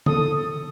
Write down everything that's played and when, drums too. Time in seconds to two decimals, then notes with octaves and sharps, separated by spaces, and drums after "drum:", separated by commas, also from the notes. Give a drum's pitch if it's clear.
0.06 A4 D#6, drum: tom D3